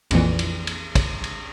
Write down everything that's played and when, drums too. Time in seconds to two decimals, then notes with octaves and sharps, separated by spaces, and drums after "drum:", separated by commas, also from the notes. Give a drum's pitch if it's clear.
0.11 A#1 F2 A#2 E3, drum: cymbal
0.39 drum: cymbal
0.67 drum: cymbal
0.95 drum: kick, cymbal
1.24 drum: cymbal